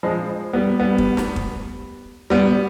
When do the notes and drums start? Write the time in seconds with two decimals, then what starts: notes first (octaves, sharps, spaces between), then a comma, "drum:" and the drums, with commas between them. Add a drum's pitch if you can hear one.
0.03 F3 G#3
0.53 G3 B3
0.79 G3 B3
0.98 drum: kick
1.17 drum: snare
1.36 drum: kick
2.30 G3 B3